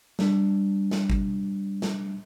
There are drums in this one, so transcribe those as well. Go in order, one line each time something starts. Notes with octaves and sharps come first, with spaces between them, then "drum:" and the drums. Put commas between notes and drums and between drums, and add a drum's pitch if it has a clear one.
G3 D4, drum: snare
drum: snare
drum: kick
drum: snare